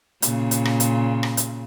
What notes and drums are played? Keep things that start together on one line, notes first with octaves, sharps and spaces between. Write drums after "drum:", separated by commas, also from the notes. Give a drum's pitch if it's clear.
A#2 C#3, drum: hi-hat
drum: hi-hat
drum: rim click
drum: hi-hat
drum: rim click
drum: hi-hat